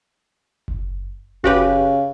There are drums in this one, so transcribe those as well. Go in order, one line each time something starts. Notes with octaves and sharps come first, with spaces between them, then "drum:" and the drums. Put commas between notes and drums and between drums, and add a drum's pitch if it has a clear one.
drum: kick F#1
C#3 F#4 G4 B4, drum: kick F#1